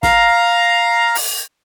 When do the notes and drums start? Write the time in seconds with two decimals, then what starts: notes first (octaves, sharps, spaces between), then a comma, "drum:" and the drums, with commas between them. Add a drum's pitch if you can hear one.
0.03 F5 A#5, drum: snare
1.15 drum: open hi-hat